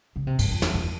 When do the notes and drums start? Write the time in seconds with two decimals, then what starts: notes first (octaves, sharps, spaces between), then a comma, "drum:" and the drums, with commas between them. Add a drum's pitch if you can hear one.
0.16 C#3
0.27 C3
0.39 G#2, drum: cymbal
0.51 F2
0.62 E2, drum: snare
0.74 F2